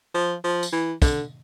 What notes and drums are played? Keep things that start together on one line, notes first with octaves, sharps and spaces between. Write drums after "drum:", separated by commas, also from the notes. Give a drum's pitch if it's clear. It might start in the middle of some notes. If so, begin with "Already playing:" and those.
F3
F3
drum: tambourine
E3
D3, drum: kick, tambourine